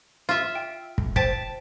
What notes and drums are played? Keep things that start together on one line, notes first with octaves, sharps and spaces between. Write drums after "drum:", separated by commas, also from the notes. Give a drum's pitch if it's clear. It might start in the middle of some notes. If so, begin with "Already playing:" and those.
F4 E5
G5
drum: kick
C5 G5 A5 B6, drum: kick